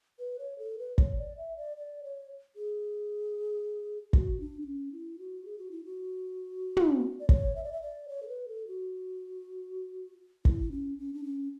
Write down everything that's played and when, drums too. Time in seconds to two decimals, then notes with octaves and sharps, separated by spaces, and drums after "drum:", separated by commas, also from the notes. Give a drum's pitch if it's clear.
0.19 B4
0.39 C#5
0.59 A4
0.78 B4
0.98 C#5, drum: kick
1.18 D5
1.37 E5
1.57 D5
1.77 D5
2.03 C#5
2.56 G#4
4.13 F#4, drum: kick
4.40 D4
4.62 D4
4.66 C#4
4.93 E4
5.19 F#4
5.45 G#4
5.58 F#4
5.71 E4
5.85 F#4
6.77 drum: tom
7.19 D5
7.29 C#5, drum: kick
7.56 E5
7.64 D5
7.72 E5
7.82 D5
8.08 C#5
8.22 A4
8.28 B4
8.48 A4
8.67 F#4
10.45 E4, drum: kick
10.71 C#4
10.98 C#4
11.14 D4
11.24 C#4